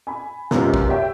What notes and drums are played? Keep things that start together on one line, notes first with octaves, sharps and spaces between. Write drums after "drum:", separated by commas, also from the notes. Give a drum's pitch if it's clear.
G#5 B5
F#2 C3 G#3 B3 C#4 F4, drum: snare
drum: kick
G4 C#5 E5 G5